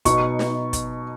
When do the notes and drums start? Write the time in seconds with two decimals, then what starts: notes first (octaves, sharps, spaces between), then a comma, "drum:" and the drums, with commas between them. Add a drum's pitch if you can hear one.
0.05 B2 F#3 D#4 C#6, drum: kick, hi-hat
0.39 drum: snare
0.73 drum: kick, hi-hat